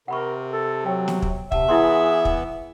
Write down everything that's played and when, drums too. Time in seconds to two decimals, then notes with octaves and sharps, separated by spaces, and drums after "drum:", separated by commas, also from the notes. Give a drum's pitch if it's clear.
0.08 C3 A#4 F#5 B5 C#6
0.52 A4
0.86 F#3 G5
1.08 drum: snare
1.22 drum: kick
1.52 C3 E5 F#5 A5, drum: kick
1.68 E3 B3 E4 G#4 F#5 C6
2.25 drum: kick